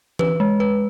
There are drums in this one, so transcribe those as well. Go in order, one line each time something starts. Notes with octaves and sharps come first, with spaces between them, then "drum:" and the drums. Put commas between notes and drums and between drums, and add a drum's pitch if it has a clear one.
B4, drum: tom E3
G#3
B4